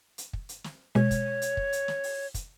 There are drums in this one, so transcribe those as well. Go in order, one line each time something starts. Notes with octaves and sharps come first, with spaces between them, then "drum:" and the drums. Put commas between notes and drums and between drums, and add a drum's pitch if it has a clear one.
drum: hi-hat
drum: kick
drum: hi-hat
drum: snare
B2 G#3 C#5
drum: kick, hi-hat
drum: hi-hat
drum: kick
drum: hi-hat
drum: snare
drum: open hi-hat
drum: kick, hi-hat